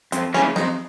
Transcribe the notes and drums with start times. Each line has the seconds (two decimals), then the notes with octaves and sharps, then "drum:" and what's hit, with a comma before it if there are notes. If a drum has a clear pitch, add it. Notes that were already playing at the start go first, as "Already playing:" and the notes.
0.12 F2 C4, drum: hi-hat
0.34 C#3 E3 G3 A#3 C#4, drum: snare
0.56 F2 D#4, drum: snare